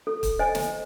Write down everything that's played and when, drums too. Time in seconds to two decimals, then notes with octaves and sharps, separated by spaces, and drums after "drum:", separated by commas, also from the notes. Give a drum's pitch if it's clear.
0.07 A4
0.23 drum: kick, hi-hat
0.39 C5 D#5 G#5
0.55 drum: snare